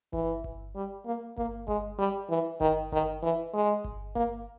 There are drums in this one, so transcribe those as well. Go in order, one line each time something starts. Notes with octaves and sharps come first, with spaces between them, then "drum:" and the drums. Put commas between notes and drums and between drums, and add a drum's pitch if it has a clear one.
E3, drum: kick G1
drum: kick G1
G3
A#3
A#3, drum: kick G1
G#3, drum: kick G1
G3
E3
D#3, drum: kick G1
D#3, drum: kick G1
E3
G#3
drum: kick G1
A#3, drum: kick G1